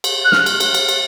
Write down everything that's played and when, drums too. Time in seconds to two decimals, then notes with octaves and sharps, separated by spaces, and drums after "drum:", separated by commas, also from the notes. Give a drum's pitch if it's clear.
0.04 drum: cymbal
0.25 F#6
0.32 F6, drum: snare
0.46 drum: cymbal
0.60 drum: cymbal
0.74 drum: cymbal
0.89 drum: cymbal